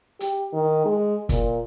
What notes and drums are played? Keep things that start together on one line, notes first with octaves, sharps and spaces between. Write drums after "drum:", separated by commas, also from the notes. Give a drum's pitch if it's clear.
G4, drum: hi-hat
D#3
G#3
A#2, drum: kick, hi-hat